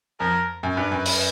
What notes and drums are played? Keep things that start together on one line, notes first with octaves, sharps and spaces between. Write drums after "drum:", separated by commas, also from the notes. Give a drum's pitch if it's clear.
F2 A#4
F#2
G2 B4
F#2
drum: open hi-hat